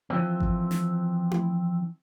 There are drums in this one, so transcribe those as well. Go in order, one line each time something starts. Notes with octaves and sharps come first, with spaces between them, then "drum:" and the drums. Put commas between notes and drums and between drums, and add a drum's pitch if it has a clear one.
E3 F3 C4
drum: kick G#1
drum: snare
drum: tom E4